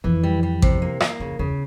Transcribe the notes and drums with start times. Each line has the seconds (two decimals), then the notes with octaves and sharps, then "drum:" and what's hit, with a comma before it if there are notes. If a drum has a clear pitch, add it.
0.04 F2 E3
0.23 G3
0.43 G3
0.62 C3, drum: kick A1
0.82 A#3
1.00 A#3, drum: rim click
1.20 F2 C#3
1.39 E2 C#3